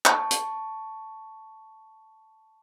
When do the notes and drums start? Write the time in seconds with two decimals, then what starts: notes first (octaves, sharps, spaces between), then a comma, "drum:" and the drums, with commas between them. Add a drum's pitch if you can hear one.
0.05 A5 C#6, drum: clap
0.31 drum: hi-hat